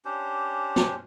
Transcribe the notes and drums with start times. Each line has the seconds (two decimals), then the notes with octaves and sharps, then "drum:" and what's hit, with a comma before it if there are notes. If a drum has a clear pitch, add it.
0.05 C#4 D4 G4 C5
0.76 drum: snare